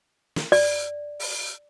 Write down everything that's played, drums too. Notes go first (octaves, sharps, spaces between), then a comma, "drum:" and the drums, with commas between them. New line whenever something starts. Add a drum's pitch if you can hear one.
drum: snare
D5, drum: open hi-hat
drum: open hi-hat